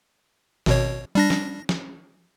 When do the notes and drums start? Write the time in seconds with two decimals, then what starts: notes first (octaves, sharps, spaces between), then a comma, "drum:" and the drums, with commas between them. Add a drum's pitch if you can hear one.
0.66 G#1 B2 C#5, drum: snare
1.15 G3 D4 A#6
1.30 drum: snare
1.69 drum: snare